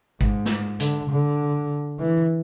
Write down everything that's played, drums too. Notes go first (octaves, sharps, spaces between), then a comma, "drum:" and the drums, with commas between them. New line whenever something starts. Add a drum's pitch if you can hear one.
G#2, drum: kick
drum: snare
D3, drum: hi-hat
D3
E3